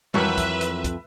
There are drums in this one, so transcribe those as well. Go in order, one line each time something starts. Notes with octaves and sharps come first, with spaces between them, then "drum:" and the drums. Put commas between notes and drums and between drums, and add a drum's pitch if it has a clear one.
F2 E3 F#3 F#4 A#4 B4 E5, drum: tom G3
drum: kick, hi-hat
drum: hi-hat
drum: kick, hi-hat